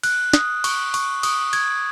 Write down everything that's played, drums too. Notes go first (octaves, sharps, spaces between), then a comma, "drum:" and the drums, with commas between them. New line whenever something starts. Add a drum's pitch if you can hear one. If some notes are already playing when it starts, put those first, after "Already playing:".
F#6, drum: cymbal
D#6, drum: snare
C#6, drum: cymbal
C#6, drum: cymbal
D#6, drum: cymbal
G#6, drum: cymbal